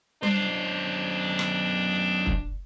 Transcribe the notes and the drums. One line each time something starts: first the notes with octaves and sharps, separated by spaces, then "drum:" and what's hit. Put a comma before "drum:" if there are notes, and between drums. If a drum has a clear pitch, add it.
F#2 D4 C5, drum: tom G3
drum: rim click
drum: kick